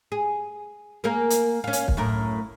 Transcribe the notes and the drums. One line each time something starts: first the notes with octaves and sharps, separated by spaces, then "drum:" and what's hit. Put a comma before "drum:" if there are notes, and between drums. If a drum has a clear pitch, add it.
G#4
A#3 G#4 A#4
drum: hi-hat
C#4 F5
drum: hi-hat
drum: kick
F#2 A2 A#4